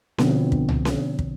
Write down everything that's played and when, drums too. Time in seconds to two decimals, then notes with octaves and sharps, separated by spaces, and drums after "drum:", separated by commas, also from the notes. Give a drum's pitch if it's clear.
0.18 B2 D3 F3 B3 C4, drum: snare C#4
0.52 drum: kick
0.69 drum: tom C2
0.85 drum: snare C#4
1.19 drum: kick